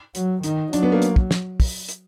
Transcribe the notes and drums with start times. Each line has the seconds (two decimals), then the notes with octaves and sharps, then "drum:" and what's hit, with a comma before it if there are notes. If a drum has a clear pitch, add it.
0.15 F#3, drum: hi-hat
0.43 D#3 D#4, drum: hi-hat
0.73 F#3 D4, drum: hi-hat
0.83 B3
0.92 A#3
1.02 drum: hi-hat
1.16 drum: kick
1.31 drum: snare
1.60 drum: kick, open hi-hat
1.89 drum: hi-hat